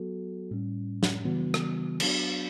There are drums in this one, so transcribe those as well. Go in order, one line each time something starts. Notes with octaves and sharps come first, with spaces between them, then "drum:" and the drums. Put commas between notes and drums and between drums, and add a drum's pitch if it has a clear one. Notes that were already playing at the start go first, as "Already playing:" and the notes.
Already playing: F#3 B3 F#4 A4
A2 G3 C#4
drum: snare
C#3 E3 G3 B3 F#4
drum: rim click
F#3 B3 D4 F#4, drum: cymbal